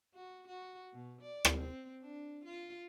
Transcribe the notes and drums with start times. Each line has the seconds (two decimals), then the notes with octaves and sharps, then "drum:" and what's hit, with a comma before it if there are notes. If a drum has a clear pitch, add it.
0.14 F#4
0.47 F#4
0.93 B2
1.22 D5
1.45 drum: rim click
1.58 C4
2.02 D4
2.45 F4